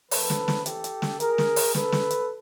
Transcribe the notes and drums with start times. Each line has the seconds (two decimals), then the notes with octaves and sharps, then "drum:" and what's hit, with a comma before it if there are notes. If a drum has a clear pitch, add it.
0.11 E3 A3 C4 A4 B4, drum: open hi-hat
0.30 drum: snare
0.48 drum: snare
0.66 G4 A4, drum: hi-hat
0.84 drum: hi-hat
1.02 drum: snare
1.20 G#4 A#4, drum: hi-hat
1.38 drum: snare
1.56 drum: open hi-hat
1.74 A4 B4, drum: snare
1.92 drum: snare
2.10 drum: hi-hat